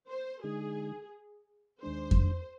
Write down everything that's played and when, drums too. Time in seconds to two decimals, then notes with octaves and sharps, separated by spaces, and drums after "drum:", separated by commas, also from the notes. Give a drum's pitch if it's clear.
0.08 C5
0.43 D3 G#3 D#4 G#4
1.82 D#2 D#3 G#3 D4 C5
2.11 drum: kick F2